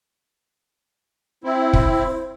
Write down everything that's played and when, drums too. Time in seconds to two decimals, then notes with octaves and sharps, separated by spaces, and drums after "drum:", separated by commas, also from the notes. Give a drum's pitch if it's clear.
1.44 C4 E4
1.73 drum: kick F1